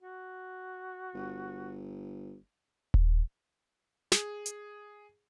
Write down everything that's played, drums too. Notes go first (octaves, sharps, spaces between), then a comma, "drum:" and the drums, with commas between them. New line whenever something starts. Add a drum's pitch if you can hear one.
F#4
G1
drum: kick D#1
G#4, drum: snare
drum: hi-hat